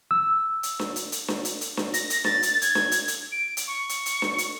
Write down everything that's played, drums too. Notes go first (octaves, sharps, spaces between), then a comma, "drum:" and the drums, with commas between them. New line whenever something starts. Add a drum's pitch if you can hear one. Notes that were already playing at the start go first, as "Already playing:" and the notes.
E6
drum: hi-hat
drum: snare D4
drum: hi-hat
drum: hi-hat
drum: snare D4
drum: hi-hat
drum: hi-hat
drum: snare D4
A#6, drum: hi-hat
drum: hi-hat
A6, drum: snare D4
drum: hi-hat
G#6, drum: hi-hat
drum: snare D4
drum: hi-hat
drum: hi-hat
D7
drum: hi-hat
C#6
drum: hi-hat
drum: hi-hat
drum: snare D4
drum: hi-hat